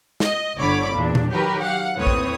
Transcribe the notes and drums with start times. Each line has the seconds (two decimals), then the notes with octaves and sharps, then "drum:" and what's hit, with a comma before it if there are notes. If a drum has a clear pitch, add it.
0.20 D#5, drum: snare
0.57 G1 D3 C#5 D5 B5 D6
0.94 E2 A#2 D4
1.15 drum: tom A#2
1.30 D#3 F#3 G4 A#4 B4
1.62 F5 F#5
1.97 D#2 A2 C4 B4 C#5 D#6
2.07 drum: kick A#1